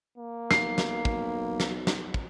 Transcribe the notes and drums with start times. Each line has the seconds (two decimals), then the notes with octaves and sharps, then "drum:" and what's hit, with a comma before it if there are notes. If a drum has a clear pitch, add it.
0.18 A#3
0.51 B1 C7, drum: snare
0.78 drum: snare
1.05 drum: kick
1.60 drum: snare
1.87 drum: snare
2.14 drum: kick